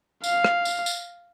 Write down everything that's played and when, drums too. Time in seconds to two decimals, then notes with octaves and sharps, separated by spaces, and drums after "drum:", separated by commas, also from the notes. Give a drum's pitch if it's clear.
0.24 F5, drum: tambourine
0.44 drum: rim click
0.65 drum: tambourine
0.86 drum: tambourine